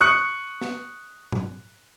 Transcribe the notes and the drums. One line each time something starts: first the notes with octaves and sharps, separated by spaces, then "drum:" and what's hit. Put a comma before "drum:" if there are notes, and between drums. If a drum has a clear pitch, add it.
C#6 D#6 F#6 C#7
drum: snare
drum: tom A2